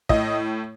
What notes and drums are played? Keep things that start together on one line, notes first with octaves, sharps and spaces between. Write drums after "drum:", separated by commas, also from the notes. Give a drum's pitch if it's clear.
A2 D#5, drum: kick